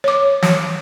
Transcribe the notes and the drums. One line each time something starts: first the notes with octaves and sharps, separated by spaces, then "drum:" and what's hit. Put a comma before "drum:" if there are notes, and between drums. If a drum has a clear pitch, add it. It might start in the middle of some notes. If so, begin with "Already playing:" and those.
C#5 D6
drum: snare